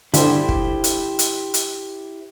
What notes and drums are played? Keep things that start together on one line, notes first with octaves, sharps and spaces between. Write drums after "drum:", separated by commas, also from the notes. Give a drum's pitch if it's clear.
D3 E4 G4 C5, drum: hi-hat
drum: kick
drum: hi-hat
drum: hi-hat
drum: hi-hat